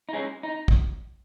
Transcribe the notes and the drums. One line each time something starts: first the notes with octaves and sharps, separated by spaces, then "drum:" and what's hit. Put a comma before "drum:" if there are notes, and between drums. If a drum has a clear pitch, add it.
D#4
G#3 C#4
D#4
drum: kick